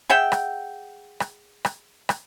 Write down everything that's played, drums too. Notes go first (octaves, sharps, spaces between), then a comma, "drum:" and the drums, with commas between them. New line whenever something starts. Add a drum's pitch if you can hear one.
G#4 E5 F#5 G5
drum: rim click
drum: rim click
drum: rim click
drum: rim click